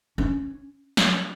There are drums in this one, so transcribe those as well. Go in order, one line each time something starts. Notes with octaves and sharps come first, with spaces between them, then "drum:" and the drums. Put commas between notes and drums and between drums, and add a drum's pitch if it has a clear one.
C#4
drum: snare